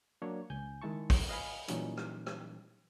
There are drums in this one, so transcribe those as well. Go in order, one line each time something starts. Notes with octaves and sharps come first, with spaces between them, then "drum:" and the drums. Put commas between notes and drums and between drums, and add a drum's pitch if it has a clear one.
F#3 A#3 D4 C#5
C#2 G#5 G6
D#3 G#3 E4 A5 C#6
drum: kick, open hi-hat
D#5 F5 G#5 B5
A#2 E3 F#3 G3 C#4 D#4, drum: hi-hat
drum: rim click
drum: rim click